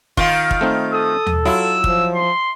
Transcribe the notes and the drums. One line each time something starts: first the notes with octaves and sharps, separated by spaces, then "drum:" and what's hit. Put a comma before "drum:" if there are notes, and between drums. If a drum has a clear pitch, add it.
D#3 F4, drum: kick
drum: kick
A3 C4 D#4
A4 D#6
drum: tom D#2
F#3 E4 F4 E6
F3, drum: kick
C6